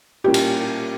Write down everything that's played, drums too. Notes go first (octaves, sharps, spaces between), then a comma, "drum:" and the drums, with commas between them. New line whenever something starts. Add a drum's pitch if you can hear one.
A#2 G3 A#3 C#4 F4 G4
drum: cymbal